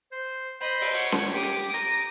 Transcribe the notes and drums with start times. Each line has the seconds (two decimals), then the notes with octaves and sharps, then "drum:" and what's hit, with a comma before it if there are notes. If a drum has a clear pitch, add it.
0.12 C5
0.60 C5 D#5 B5
0.81 drum: open hi-hat
0.94 C#5 F#5
1.12 drum: snare C#4
1.33 G4 D6 D#6
1.43 drum: hi-hat
1.74 A#5, drum: hi-hat